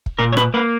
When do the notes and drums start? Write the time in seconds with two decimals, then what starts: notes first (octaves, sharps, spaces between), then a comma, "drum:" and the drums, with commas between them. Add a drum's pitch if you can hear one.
0.06 drum: kick
0.19 A#2 A#4
0.32 C#5
0.37 B4, drum: rim click
0.54 A#3 B4